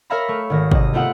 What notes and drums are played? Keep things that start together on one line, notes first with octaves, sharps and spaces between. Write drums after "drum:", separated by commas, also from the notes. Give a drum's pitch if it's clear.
A#4 C#5 E5 F5 A#5 B5
A3 C#6
G#1 D#3 A#6
C3 D#5, drum: kick
A3 B3 C4 F4 E5 F#5